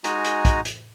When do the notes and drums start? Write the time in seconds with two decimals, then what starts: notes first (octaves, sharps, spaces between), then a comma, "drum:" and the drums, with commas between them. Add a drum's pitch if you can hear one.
0.04 G#3 D#4 F#4 G#5 A#5, drum: hi-hat
0.24 drum: hi-hat
0.45 drum: kick, hi-hat
0.65 drum: hi-hat